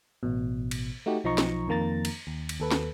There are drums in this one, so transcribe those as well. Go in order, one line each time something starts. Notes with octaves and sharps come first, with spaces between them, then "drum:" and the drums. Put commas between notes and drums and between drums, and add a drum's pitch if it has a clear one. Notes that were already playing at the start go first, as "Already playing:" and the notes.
A1 B2
drum: cymbal
A3 D#4 F#4 G4
B1 F3 D#4 D#5 A#5 C#6
drum: snare
F2 D#3 A#3 A#5 A6
drum: cymbal
D#2
drum: cymbal
D#2 A4 B4
drum: snare